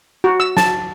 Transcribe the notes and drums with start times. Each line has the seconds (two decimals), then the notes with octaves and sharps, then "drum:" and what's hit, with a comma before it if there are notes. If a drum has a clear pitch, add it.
0.24 F#4
0.40 E6
0.57 A5, drum: snare